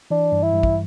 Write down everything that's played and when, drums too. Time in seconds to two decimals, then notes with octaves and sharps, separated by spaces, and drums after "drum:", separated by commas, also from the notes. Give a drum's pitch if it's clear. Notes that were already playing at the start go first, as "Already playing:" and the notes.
0.10 E3 D4
0.32 G2
0.43 E4
0.53 G2
0.63 drum: kick